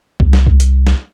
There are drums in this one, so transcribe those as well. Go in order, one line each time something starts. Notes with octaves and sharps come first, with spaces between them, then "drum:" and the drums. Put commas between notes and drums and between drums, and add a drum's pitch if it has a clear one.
C2, drum: kick C#2
drum: snare
drum: kick C#2
drum: hi-hat
drum: snare